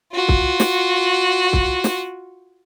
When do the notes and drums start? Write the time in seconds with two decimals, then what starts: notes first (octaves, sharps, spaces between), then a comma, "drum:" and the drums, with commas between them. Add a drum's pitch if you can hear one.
0.13 F4 F#4
0.29 drum: kick C2
0.60 drum: snare
1.53 drum: kick C2
1.84 drum: snare